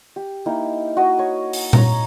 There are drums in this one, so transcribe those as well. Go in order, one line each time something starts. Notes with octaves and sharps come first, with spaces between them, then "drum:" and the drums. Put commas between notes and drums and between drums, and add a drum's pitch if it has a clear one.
G4
A#3 D#4 E4 G4
F#4 D#5
C#5
drum: open hi-hat
C#5 A#5, drum: tom A#2